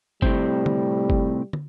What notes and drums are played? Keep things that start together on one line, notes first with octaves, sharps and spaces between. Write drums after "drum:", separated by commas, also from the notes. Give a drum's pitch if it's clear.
A2 C3 G3 C4, drum: kick
drum: tom
drum: kick
drum: tom